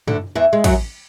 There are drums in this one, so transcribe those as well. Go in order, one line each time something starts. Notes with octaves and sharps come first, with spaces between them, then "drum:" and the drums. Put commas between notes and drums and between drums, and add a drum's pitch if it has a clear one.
D2 D3, drum: tom
E2 E3
G#3
F#2 F#3, drum: kick, cymbal